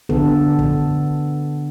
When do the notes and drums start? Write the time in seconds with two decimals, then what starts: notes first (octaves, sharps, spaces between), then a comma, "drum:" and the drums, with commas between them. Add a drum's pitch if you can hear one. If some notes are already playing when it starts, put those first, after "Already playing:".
0.09 D3 B3 A4, drum: kick
0.59 drum: kick